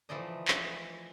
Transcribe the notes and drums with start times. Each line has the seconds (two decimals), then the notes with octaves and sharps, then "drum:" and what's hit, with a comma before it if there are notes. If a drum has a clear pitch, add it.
0.09 E3 F3 A3 D5 D#5
0.48 drum: clap